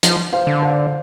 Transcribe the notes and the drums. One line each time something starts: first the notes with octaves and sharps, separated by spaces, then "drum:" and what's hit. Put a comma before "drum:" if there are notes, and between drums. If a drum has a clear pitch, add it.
F3, drum: hi-hat
C5 F5
D3
C5 F5